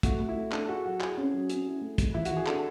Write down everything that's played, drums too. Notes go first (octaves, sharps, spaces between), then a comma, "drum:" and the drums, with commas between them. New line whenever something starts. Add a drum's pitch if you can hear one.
A3 F#4, drum: kick, hi-hat
A3
E4
A3
D4 A4, drum: clap
F#4 G#4
F#3 F#4
E4 G#4, drum: clap
C#4
F#3
C#4, drum: hi-hat
E4
A3
G#3, drum: kick, hi-hat
E3 E4
F#4, drum: hi-hat
E3
G#4
D4 A4, drum: clap